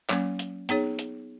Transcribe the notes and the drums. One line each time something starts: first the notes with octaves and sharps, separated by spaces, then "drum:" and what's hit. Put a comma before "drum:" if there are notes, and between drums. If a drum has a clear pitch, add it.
F#3 A#3 C#4, drum: clap
drum: hi-hat
B3 D#4 G#4 C#5, drum: hi-hat
drum: hi-hat